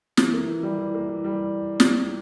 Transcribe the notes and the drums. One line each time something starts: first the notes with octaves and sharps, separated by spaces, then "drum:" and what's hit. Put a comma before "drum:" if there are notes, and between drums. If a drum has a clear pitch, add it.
E3, drum: snare
A#3
E3
G3
E3
A#3
E3
G3
drum: snare